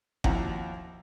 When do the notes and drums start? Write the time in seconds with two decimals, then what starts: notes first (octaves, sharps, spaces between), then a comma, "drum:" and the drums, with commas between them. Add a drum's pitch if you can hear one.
0.24 D#2 F3 E4 F#4 F#5 A#5, drum: kick G1